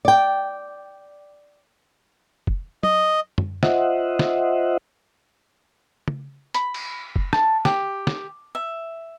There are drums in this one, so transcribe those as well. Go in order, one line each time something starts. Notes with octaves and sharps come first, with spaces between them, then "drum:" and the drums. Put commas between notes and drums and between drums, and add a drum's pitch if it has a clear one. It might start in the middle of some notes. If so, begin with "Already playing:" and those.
D5 G5
drum: kick
D#5, drum: tom
drum: tom
F4 C5 D#5 E5 F#5, drum: snare
drum: snare
drum: tom
B5, drum: hi-hat
drum: cymbal
drum: kick
A5, drum: rim click
G4, drum: snare
drum: snare
E5